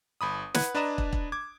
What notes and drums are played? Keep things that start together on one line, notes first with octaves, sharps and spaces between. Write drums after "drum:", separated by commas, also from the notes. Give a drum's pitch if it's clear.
G1 B5 D#6
B4 F#5 F#6 G#6, drum: snare
D4 B4 D5 D#5 A#5 E7
drum: kick
drum: kick
D6 G#6